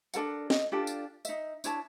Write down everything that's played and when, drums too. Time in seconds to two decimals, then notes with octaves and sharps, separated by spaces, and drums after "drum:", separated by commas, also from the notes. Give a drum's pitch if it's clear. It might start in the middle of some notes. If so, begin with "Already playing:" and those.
0.14 D4 A4 A#4 F#5, drum: tambourine
0.50 D#5, drum: snare
0.72 D4 F4 G4 A4
0.87 drum: tambourine
1.25 D#4 E5, drum: tambourine
1.64 D4 E4 C#5 A5, drum: tambourine